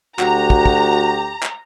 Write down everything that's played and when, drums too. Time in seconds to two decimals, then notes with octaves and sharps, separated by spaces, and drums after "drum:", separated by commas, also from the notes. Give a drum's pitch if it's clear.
0.19 D2 F#4 G4 A#5, drum: clap
0.50 drum: kick
0.66 drum: kick
1.43 drum: clap